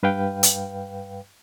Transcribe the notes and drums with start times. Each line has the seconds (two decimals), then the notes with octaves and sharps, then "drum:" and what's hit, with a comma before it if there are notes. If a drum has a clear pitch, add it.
0.03 G2 B4 F5 G5
0.43 drum: hi-hat